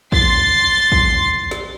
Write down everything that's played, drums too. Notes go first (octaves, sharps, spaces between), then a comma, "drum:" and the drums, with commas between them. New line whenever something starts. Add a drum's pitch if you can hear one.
C6 A6 C7, drum: kick
drum: kick
drum: snare